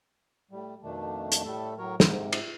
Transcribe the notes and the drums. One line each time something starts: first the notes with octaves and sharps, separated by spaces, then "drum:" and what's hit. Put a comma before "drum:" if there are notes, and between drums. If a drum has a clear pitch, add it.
A2 G3
F2 B2 D#3 A3 D4
drum: hi-hat
A2 G3 A3 A4
A2 F#3 A#4 C#5
G#2 C3, drum: snare
drum: cymbal